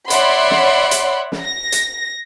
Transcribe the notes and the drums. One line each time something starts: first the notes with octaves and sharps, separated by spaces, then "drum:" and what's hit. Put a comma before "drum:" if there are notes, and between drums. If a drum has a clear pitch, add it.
C#5 D5 E5 F#5 B5 C6, drum: hi-hat
drum: snare
drum: hi-hat
drum: snare
A#6
drum: hi-hat